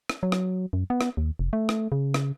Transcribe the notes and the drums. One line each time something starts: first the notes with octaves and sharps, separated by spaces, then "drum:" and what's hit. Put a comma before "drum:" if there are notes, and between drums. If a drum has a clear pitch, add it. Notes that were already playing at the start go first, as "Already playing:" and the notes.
drum: rim click
F#3
drum: rim click
F#2
B3
drum: rim click
D#2
F1
A3
drum: rim click
C#3
drum: rim click